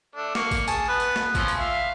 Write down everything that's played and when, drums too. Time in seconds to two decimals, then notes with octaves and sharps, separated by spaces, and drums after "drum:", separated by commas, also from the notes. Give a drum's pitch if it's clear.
0.15 A3 D4
0.35 A#3 C#6, drum: snare
0.51 drum: kick G#1, tambourine
0.68 G#4 A5, drum: tambourine
0.88 B3 B4
1.00 drum: tambourine
1.16 drum: snare
1.35 F3 C4 C#4, drum: kick G#1, tambourine
1.48 drum: tambourine
1.58 E5 F5